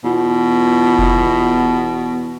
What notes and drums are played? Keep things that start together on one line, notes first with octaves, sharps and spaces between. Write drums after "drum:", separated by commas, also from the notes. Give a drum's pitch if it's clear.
E2 B2 F4
drum: kick F1